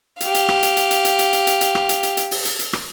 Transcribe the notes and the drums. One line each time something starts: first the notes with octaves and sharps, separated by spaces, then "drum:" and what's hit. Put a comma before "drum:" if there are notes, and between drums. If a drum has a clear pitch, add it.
G4 F5, drum: hi-hat
drum: hi-hat
drum: rim click
drum: hi-hat
drum: hi-hat
drum: hi-hat
drum: hi-hat
drum: hi-hat
drum: hi-hat
drum: hi-hat
drum: hi-hat
drum: rim click
drum: hi-hat
drum: hi-hat
drum: hi-hat
drum: open hi-hat
drum: hi-hat
drum: hi-hat
drum: rim click